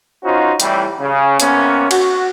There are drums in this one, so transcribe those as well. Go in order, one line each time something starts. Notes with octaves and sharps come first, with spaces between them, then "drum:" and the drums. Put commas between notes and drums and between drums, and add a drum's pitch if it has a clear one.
C#4 D#4 F4 F#4 C5
A2 C3 E3 G3, drum: hi-hat
C#3
C3 A#3 B3 C#4, drum: hi-hat
F#4, drum: cymbal